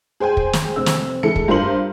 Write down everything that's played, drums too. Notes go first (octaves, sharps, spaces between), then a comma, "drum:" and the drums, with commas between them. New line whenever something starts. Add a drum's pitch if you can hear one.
G#4 C5 G5 G#5
drum: kick
drum: snare
F1 C4 E6
drum: snare
E3 G#3 A4 C#7
drum: kick
G2 F4 A#4 C5 C6 F#7